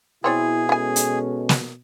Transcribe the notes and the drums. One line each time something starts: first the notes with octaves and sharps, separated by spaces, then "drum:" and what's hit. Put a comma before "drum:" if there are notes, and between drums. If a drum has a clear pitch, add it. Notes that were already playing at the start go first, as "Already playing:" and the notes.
B2 C4 E4 G#4 C#5 D5
G#3 C#4 E4 A4 G#5
drum: hi-hat
drum: snare